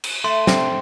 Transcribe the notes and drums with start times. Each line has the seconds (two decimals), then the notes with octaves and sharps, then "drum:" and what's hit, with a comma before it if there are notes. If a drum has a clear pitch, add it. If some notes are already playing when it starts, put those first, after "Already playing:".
0.04 drum: cymbal
0.24 A3 C6
0.47 C4, drum: snare